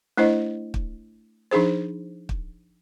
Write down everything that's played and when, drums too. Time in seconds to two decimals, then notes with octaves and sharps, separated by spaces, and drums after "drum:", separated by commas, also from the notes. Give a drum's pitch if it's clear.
0.17 A3 D4 E4 C5 D#5
0.74 drum: kick
1.51 F3 D4 D#4 G#4 C5
2.29 drum: kick